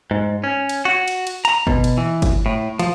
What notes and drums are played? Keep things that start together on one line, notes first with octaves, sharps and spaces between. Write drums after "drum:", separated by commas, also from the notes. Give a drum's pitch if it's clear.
G#2
C#4
drum: cymbal
F#4
drum: cymbal
drum: cymbal
A#5, drum: cymbal
B2, drum: kick G1
drum: cymbal
E3
drum: kick G1, cymbal
A2
F3, drum: cymbal